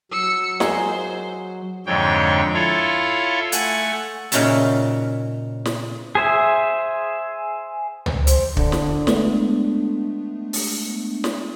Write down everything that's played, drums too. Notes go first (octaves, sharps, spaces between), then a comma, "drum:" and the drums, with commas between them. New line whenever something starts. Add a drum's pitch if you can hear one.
F#3 E6 C#7
G#3 A#3 D#4 G#4 C5, drum: snare
F2 G#2 D3 C#5 G5
E4 F4 A4 C#5 F5
A3 F#5 G#5, drum: hi-hat
A#2 C#3 D#4 F#4 E5 A5, drum: hi-hat
drum: snare
G#4 C5 E5
drum: tom
C5, drum: hi-hat
D3, drum: kick
drum: snare
G#3 A3 B3 D4, drum: snare
drum: open hi-hat
drum: snare